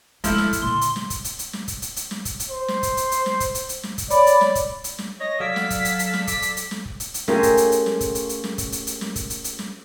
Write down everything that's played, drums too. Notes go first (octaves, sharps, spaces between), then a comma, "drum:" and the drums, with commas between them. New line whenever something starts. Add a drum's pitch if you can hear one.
F3 G#3 C4 E4 A4, drum: hi-hat
drum: snare
drum: kick, hi-hat
A#2 D3 C6
drum: hi-hat
drum: snare
drum: kick, hi-hat
drum: hi-hat
drum: hi-hat
drum: snare
drum: kick, hi-hat
drum: hi-hat
drum: hi-hat
drum: snare
drum: kick, hi-hat
drum: hi-hat
C5
drum: snare
drum: kick, hi-hat
drum: hi-hat
drum: hi-hat
drum: snare
drum: kick, hi-hat
drum: hi-hat
drum: hi-hat
drum: snare
drum: kick, hi-hat
C#5 D5 B5, drum: hi-hat
drum: hi-hat
drum: snare
drum: kick, hi-hat
drum: hi-hat
drum: snare
C#5 D#5 A#6
F#3 A4 D5 F5 G#6 B6
drum: snare
drum: kick, hi-hat
drum: hi-hat
drum: hi-hat
drum: snare
D6 B6, drum: kick, hi-hat
drum: hi-hat
drum: hi-hat
drum: snare
drum: kick
drum: hi-hat
drum: hi-hat
A3 C#4 F4 G4 G#4 A#4, drum: snare
drum: kick, hi-hat
drum: hi-hat
drum: hi-hat
drum: snare
drum: kick, hi-hat
drum: hi-hat
drum: hi-hat
drum: snare
drum: kick, hi-hat
drum: hi-hat
drum: hi-hat
drum: snare
drum: kick, hi-hat
drum: hi-hat
drum: hi-hat
drum: snare